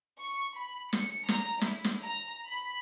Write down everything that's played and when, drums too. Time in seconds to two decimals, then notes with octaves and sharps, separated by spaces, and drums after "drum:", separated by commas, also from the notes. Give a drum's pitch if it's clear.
0.20 C#6
0.57 B5
0.93 C#7, drum: snare
1.28 A#5, drum: snare
1.61 E4, drum: snare
1.84 drum: snare
2.04 A#5
2.47 B5